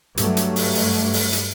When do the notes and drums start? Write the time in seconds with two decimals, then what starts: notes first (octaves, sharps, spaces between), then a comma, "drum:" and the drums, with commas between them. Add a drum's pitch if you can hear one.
0.17 G2 F#3 A3, drum: hi-hat
0.37 drum: hi-hat
0.56 drum: open hi-hat
0.75 drum: open hi-hat
1.13 drum: open hi-hat
1.33 drum: hi-hat